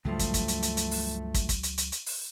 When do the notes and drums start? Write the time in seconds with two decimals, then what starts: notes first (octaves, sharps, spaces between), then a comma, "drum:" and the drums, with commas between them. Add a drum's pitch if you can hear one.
0.05 C#2 G2 F3 F#3 A3
0.19 drum: kick, hi-hat
0.34 drum: kick, hi-hat
0.48 drum: hi-hat
0.62 drum: hi-hat
0.77 drum: hi-hat
0.91 drum: open hi-hat
1.34 drum: kick, hi-hat
1.49 drum: kick, hi-hat
1.63 drum: hi-hat
1.78 drum: hi-hat
1.92 drum: hi-hat
2.06 drum: open hi-hat